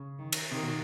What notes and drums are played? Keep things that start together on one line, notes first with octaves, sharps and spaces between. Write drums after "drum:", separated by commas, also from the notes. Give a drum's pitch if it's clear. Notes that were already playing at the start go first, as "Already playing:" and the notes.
Already playing: C#3
D#3
drum: cymbal
C3 D#3
B2